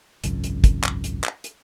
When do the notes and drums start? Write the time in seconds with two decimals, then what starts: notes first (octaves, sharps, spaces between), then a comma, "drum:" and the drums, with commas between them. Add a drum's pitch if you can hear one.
0.24 G#1 C#2 F#2, drum: hi-hat
0.44 drum: hi-hat
0.64 drum: kick, hi-hat
0.84 drum: clap
1.04 drum: hi-hat
1.24 drum: clap
1.44 drum: hi-hat